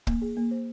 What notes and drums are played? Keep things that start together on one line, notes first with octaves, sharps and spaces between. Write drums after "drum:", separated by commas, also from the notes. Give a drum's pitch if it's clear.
A#3, drum: kick
G#4
A#3
C5